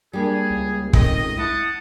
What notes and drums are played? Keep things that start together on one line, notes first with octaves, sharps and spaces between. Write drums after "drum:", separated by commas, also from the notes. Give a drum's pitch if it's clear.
G3 A#3 D4 G#4
C#2
D#3 A3 C4 D#5, drum: kick
E4 F#5 A5 D#6